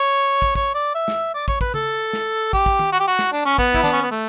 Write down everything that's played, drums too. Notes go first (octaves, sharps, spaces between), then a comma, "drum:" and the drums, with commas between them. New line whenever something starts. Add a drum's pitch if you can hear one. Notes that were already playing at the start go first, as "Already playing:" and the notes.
Already playing: C#5
drum: kick
C#5, drum: kick
D5
E5
drum: snare
D5
C#5, drum: kick
B4, drum: kick
A4, drum: tom C#3
drum: snare
G4, drum: kick
drum: kick
drum: tom
F#4
G4
F#4
drum: snare
D4
C#4
B3, drum: kick
E4, drum: kick
D4, drum: tom
C#4
B3
A3